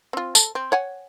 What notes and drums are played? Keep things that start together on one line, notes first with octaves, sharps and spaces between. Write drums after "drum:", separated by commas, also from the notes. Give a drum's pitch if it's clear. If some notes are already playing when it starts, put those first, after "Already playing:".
C4 F4
A4, drum: tambourine
C4
C#5 F#5 G#5